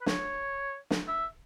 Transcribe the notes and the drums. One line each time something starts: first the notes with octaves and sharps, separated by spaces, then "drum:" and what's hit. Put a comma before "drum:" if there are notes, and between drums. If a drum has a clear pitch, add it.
B4
C#5, drum: snare
drum: snare
E5